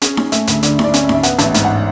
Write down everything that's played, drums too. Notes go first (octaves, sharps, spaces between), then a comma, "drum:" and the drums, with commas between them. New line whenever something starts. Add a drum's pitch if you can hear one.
C#4 G#4, drum: hi-hat
C#4, drum: snare D#4
A3 E5, drum: hi-hat
D2, drum: hi-hat
D3 D5, drum: hi-hat
D3, drum: snare D#4
D5
C#4, drum: hi-hat
E5
D2, drum: snare D#4
E5
B3 F#5, drum: hi-hat
A1, drum: hi-hat
E5
G#2, drum: hi-hat
F#5